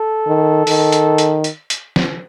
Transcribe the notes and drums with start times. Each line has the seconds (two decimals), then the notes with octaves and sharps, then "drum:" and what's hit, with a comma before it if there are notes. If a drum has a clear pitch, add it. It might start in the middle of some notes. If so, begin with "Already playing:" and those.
Already playing: A4
0.27 D#3
0.67 D#3, drum: open hi-hat
0.92 drum: hi-hat
1.18 drum: hi-hat
1.44 drum: hi-hat
1.70 drum: hi-hat
1.96 drum: snare